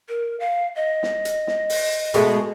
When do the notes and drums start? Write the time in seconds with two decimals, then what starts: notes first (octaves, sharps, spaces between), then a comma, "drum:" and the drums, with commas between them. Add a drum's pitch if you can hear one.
0.09 A#4
0.40 F5
0.76 D#5
1.03 drum: snare
1.25 drum: hi-hat
1.47 drum: snare
1.70 drum: open hi-hat
2.14 B2 G#3 A3, drum: hi-hat